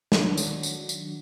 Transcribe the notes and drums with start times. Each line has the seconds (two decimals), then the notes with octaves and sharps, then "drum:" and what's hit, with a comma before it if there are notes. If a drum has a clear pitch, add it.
0.12 D#3 F#3 D4, drum: snare
0.38 drum: tambourine
0.63 drum: tambourine
0.89 drum: tambourine